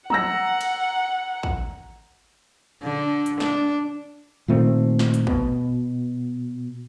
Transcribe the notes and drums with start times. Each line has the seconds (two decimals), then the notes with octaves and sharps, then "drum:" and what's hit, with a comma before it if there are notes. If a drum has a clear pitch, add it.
0.10 F#5 A#5 E6 A#6, drum: tom
0.61 drum: cymbal
1.43 drum: kick
2.82 D3
3.26 drum: hi-hat
3.40 D4, drum: snare
4.48 A#2 D#3 A3 C4
4.99 drum: snare
5.14 drum: hi-hat
5.27 B2, drum: kick